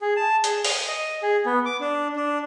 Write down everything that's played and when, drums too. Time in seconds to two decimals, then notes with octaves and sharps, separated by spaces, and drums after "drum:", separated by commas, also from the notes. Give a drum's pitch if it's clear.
0.01 G#4
0.16 A5
0.44 G#4, drum: hi-hat
0.64 D#6, drum: open hi-hat
0.88 D#5
1.22 G#4
1.46 B3
1.66 D6
1.80 D4
2.16 D4